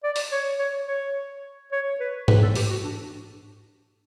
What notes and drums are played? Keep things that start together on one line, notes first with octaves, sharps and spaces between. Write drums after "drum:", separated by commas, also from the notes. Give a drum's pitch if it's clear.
D5
drum: open hi-hat
C#5
C#5
C#5
C#5
B4
B4, drum: tom G#2
A4
G4, drum: open hi-hat
F#4
D4